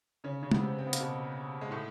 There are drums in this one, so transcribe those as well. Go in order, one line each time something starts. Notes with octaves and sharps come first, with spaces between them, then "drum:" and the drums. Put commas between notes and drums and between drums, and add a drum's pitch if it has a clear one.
C#3 C#4
C#3 C#4
B3, drum: tom G#3
C3 C4
C4
B3
A#3, drum: hi-hat
B2 B3
G#3
A2 A3